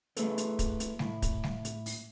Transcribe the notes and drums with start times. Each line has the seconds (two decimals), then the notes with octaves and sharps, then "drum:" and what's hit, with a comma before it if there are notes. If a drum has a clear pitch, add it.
0.17 A3 E4 G#4 A4 B4, drum: hi-hat
0.38 drum: hi-hat
0.59 drum: kick, hi-hat
0.80 drum: hi-hat
0.99 A2 E4, drum: snare G3
1.22 drum: kick, hi-hat
1.44 drum: snare G3
1.65 drum: hi-hat
1.86 drum: open hi-hat